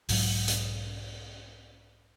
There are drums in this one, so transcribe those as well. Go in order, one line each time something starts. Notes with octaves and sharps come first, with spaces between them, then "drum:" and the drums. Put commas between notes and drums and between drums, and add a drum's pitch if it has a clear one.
B1 G#2 F#3, drum: open hi-hat
drum: hi-hat